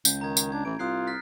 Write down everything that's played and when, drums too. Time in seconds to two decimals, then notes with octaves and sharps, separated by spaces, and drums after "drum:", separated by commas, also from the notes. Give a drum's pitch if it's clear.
0.05 C#2 G6, drum: tambourine
0.21 D#3 A#5 G#6
0.37 drum: tambourine
0.52 D4 G#6
0.65 A1 E3 D7
0.79 C2 F4 D#6 F#6 C7
1.07 F6 A6 B6